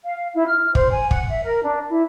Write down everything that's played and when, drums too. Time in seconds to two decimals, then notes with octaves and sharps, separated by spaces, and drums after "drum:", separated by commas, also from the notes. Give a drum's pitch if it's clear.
0.04 F5
0.36 E4
0.48 F6
0.75 C5, drum: kick
0.91 G#5
1.11 F#5, drum: kick
1.30 E5
1.44 A#4
1.63 D4
1.89 E4